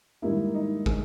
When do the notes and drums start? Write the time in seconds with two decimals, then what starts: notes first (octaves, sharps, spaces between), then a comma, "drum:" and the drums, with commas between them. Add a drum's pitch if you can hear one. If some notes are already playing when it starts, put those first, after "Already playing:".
0.22 G#2 D#3 G3 A#3 E4
0.55 D#4
0.86 G#4, drum: kick